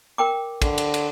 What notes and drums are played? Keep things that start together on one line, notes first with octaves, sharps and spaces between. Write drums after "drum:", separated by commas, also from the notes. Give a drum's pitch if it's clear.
A#4 G5 D6
D3, drum: kick, cymbal
drum: cymbal
drum: cymbal